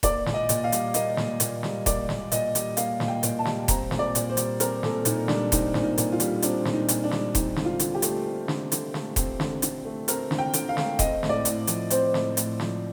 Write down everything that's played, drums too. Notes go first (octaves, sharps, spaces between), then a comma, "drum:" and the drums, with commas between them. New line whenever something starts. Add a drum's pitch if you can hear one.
A#3 D5, drum: kick E1, hi-hat
A#2, drum: snare
D#5
A#2, drum: hi-hat
F5
G3, drum: hi-hat
A#3 D#5, drum: hi-hat
A#2, drum: snare
A#2, drum: hi-hat
G3, drum: snare
A#3 D5, drum: kick E1, hi-hat
A#2, drum: snare
A#2 D#5, drum: hi-hat
G3, drum: hi-hat
A#3 F5, drum: hi-hat
A#2, drum: snare
G5
A#2, drum: hi-hat
A5
G3, drum: snare
C4 A#5, drum: kick E1, hi-hat
A#2, drum: snare
D5
A#2, drum: hi-hat
C5
G3, drum: hi-hat
C4 A#4, drum: hi-hat
A#2 A4, drum: snare
A#2 D#4, drum: hi-hat
G3 D4, drum: snare
C4 D#4, drum: kick E1, hi-hat
A#2, drum: snare
D#4
A#2, drum: hi-hat
F4
G3, drum: hi-hat
C4 D4, drum: hi-hat
A#2, drum: snare
D#4
A#2, drum: hi-hat
D4
G3, drum: snare
C4 D#4, drum: kick E1, hi-hat
D3, drum: snare
F4
D3, drum: hi-hat
G4
A3, drum: hi-hat
C4
D3, drum: snare
D3, drum: hi-hat
A3, drum: snare
C4, drum: kick E1, hi-hat
D3, drum: snare
D3, drum: hi-hat
A3
C4 A#4, drum: hi-hat
D3, drum: snare
G5
D3, drum: hi-hat
F5
A3, drum: snare
C4 D#5, drum: kick E1, hi-hat
A2, drum: snare
D5
A2, drum: hi-hat
F3, drum: hi-hat
C4 C5, drum: hi-hat
A2, drum: snare
A2, drum: hi-hat
F3, drum: snare